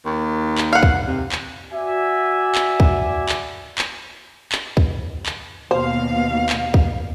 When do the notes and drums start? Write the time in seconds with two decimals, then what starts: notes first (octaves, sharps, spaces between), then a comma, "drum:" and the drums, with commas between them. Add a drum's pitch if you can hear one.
0.05 D#2
0.58 drum: clap
0.73 F5 F#5
0.83 drum: kick
1.07 C3
1.32 drum: clap
1.73 F#4 D5 E5 G#5
2.55 drum: clap
2.80 drum: kick
3.29 drum: clap
3.78 drum: clap
4.52 drum: clap
4.77 drum: kick
5.26 drum: clap
5.71 D#2 B2 C5 F5
6.49 drum: clap
6.74 drum: kick